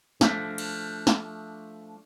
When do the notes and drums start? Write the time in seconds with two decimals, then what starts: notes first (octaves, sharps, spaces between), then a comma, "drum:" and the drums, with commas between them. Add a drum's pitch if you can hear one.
0.21 F3 A3 D4, drum: snare
0.58 drum: cymbal
1.07 drum: snare